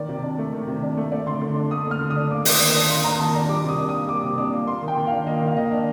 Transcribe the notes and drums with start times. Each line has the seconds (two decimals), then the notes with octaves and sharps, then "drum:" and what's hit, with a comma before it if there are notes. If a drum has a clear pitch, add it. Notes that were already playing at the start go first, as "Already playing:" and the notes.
Already playing: D#3 D5
0.09 C3
0.23 D4
0.38 A3
0.53 D#3
0.67 C3
0.82 D4
0.97 A3
1.12 A3 D5
1.26 D3 C6
1.42 D3
1.56 D4
1.71 A3 D#6
1.87 D3 F6
2.01 D3
2.10 D#6
2.16 D4
2.30 A#3 D6
2.45 D#3 D#6, drum: open hi-hat
2.60 D#3
2.70 D4 D#6
2.89 A#3 C6
3.04 D#3 A#5
3.19 D#3 A5
3.34 D4 A#5
3.49 G3 D6
3.64 C3 D#6
3.79 D4
3.89 D#6
3.94 A#3
4.08 G3 D6
4.23 C3
4.38 D4 D6
4.52 A#3
4.67 A#3 C6
4.82 D#3
4.88 G5
4.97 D#3
5.07 D4 F5
5.27 A#3 D#5
5.42 D#3
5.47 F5
5.57 D#3 D#5
5.71 D4